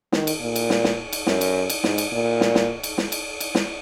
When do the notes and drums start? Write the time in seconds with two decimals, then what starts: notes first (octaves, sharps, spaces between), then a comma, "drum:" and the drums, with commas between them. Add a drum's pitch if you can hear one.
0.12 D#3, drum: snare
0.27 drum: cymbal
0.41 A#2
0.56 drum: cymbal
0.70 drum: snare
0.84 drum: snare
1.13 drum: cymbal
1.27 F#2, drum: snare
1.41 drum: cymbal
1.70 drum: cymbal
1.84 G#2, drum: snare
1.98 drum: cymbal
2.12 A#2
2.41 drum: snare
2.55 drum: snare
2.83 drum: cymbal
2.98 drum: snare
3.12 drum: cymbal
3.40 drum: cymbal
3.55 drum: snare